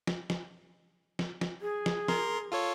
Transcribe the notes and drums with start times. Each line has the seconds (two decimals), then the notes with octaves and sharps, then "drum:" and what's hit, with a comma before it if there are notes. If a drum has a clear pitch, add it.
0.07 drum: snare
0.30 drum: snare
1.19 drum: snare
1.41 drum: snare
1.61 G#4
1.86 drum: snare
2.08 A#4 C6, drum: snare
2.52 F4 A4 C#5